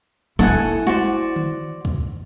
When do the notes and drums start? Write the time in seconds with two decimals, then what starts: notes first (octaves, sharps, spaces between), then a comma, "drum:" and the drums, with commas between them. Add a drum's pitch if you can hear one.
0.39 E4 A4 F#5 G#5
0.87 F#4 C5 D5, drum: tom
1.36 drum: tom D3
1.85 drum: kick